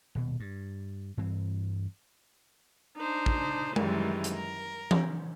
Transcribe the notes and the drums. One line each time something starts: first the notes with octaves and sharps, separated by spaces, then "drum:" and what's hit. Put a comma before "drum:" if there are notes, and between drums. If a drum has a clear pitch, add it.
D#1 B2
G2
G2 E3 C4
D4 D#4 C5
drum: kick
F#2 D#3 E3 G3 G#3, drum: tom G#3
drum: hi-hat
A#4
drum: tom E3